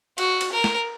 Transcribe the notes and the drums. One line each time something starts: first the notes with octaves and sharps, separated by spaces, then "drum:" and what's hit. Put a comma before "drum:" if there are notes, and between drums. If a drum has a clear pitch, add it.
F#4, drum: cymbal
drum: cymbal
A#4
drum: snare